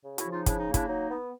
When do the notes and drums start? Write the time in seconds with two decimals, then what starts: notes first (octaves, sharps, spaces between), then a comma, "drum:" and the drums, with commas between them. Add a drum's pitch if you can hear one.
0.04 C#3
0.18 E4 F#4, drum: hi-hat
0.25 F3
0.32 D#4 F4
0.46 C#3 D4 E4, drum: kick, hi-hat
0.60 D#4
0.67 A#3
0.74 D4 E4, drum: kick, hi-hat
0.88 F#3 D#4
1.10 B3